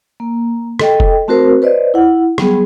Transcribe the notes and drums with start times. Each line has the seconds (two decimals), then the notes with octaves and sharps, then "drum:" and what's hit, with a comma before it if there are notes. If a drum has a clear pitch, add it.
0.20 A#3
0.79 A4 D#5 G5, drum: rim click
1.00 drum: kick F1
1.28 A3 C4 F#4 A#4 C5
1.62 B4 C5 D5 D#5
1.94 E4 F#5
2.38 F#3 G3 B3 G#4, drum: rim click